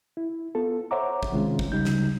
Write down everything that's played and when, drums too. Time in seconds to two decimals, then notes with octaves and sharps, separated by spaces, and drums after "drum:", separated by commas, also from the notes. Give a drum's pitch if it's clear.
0.17 E4
0.55 B3 F4 A4
0.91 C5 C#5 E5 F#5 A#5 D6
1.23 drum: kick
1.32 C3 D#3 G#3 C#4 F4
1.59 drum: kick
1.72 D2 C#3 G3 D#4 G6
1.85 drum: snare